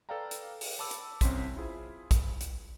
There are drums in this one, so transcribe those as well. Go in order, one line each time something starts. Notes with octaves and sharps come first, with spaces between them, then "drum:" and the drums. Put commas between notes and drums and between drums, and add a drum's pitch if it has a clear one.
A4 B4 D5 F5 G5 A#5
drum: hi-hat
drum: open hi-hat
A5 B5 D6 E6
drum: hi-hat
C2 C4 C#4 C6 B6, drum: kick, hi-hat
E4 F4 G#4 C5
drum: kick, hi-hat
drum: hi-hat